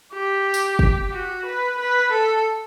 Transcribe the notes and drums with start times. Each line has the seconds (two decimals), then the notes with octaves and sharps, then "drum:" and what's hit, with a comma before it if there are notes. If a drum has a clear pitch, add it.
0.13 G4
0.54 drum: tambourine
0.79 drum: kick
1.12 F#4
1.46 B4
1.78 B4
2.12 A4